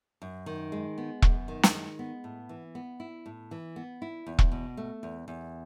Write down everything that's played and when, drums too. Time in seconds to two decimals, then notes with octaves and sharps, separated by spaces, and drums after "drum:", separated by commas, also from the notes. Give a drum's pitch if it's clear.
0.22 F#2
0.46 D#3
0.72 G#3
0.98 B3
1.22 F#2, drum: kick E1
1.48 D#3
1.63 drum: snare
1.74 G#3
1.99 B3
2.24 A2
2.49 E3
2.75 B3
3.00 E4
3.26 A2
3.51 E3
3.76 B3
4.02 E4
4.27 E2
4.39 drum: kick E1
4.52 B2
4.77 A3
5.03 E2
5.28 E2